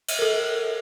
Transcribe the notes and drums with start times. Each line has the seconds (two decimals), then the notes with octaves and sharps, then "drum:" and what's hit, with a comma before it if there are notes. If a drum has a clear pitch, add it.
0.08 drum: cymbal
0.19 A4 A#4